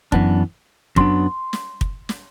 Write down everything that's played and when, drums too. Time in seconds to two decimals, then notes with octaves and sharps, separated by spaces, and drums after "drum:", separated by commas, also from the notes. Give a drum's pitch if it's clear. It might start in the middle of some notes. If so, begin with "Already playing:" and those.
0.12 F#2 E3 B3 D4, drum: kick
0.96 F#2 F#3 B3 D4 C6, drum: kick
1.53 drum: snare
1.81 drum: kick
2.09 drum: snare